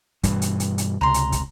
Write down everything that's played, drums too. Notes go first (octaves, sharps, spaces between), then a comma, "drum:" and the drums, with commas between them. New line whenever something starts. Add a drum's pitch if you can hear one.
G2 B2 E3, drum: kick, hi-hat
drum: hi-hat
drum: hi-hat
drum: hi-hat
C#2 C3 A#5 C6
drum: hi-hat
drum: kick, hi-hat